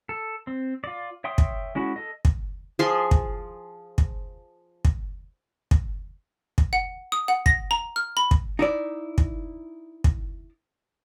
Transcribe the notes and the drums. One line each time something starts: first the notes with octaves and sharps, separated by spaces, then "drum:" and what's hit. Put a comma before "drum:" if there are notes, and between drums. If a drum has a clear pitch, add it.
A4
C4
F4 D5
C#5 E5 G5 C6 D#6
drum: kick
G#3 C#4 E4 F#4
A4 D#5
drum: kick
F3 G#4 C6
drum: kick
drum: kick
drum: kick
drum: kick
drum: kick
F#5
D#6
F#5
A#6, drum: kick
A#5
F6
B5
drum: kick
D#4 E4 D5
drum: kick
drum: kick